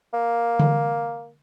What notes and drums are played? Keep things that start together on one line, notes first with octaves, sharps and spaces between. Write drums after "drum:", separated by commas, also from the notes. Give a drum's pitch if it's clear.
A#3
drum: tom D3